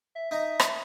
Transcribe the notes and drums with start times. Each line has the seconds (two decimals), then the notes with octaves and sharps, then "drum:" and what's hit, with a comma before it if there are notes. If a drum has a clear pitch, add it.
0.15 E5
0.31 D#4 E5 A#5
0.60 drum: rim click